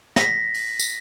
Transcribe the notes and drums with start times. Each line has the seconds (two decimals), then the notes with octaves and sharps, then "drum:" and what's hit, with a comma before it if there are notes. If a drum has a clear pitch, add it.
0.16 A#6 B6, drum: snare
0.54 drum: open hi-hat
0.79 drum: tambourine